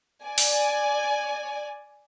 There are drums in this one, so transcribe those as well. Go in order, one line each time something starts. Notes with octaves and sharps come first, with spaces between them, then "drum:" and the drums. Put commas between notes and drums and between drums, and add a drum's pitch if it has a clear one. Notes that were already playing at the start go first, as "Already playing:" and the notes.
D5 G#5
drum: open hi-hat